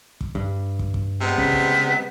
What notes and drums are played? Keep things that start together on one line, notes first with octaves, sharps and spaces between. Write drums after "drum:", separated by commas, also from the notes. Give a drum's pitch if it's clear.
drum: kick
G2, drum: kick
drum: kick
drum: kick
C3 G3 G#3 B3
C#3 B6, drum: kick
drum: kick